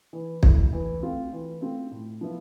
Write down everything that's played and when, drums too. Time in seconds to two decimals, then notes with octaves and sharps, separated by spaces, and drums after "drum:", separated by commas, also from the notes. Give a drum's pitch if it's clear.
0.13 E3
0.43 A3 E4, drum: kick
0.73 E3
1.03 A3 C4 F4
1.32 E3
1.61 A3 C4 F4
1.91 A2
2.21 F3 B3 E4 B4